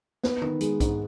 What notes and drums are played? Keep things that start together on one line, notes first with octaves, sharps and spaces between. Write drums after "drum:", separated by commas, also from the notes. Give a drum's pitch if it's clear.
B3, drum: snare
D#3, drum: tom
G#3, drum: hi-hat
G#2, drum: kick B1, hi-hat